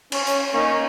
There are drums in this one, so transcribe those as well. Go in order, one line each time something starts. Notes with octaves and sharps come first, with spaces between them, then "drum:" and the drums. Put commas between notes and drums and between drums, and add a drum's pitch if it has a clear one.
C#4, drum: cymbal
drum: hi-hat
A#3 C#4 D#4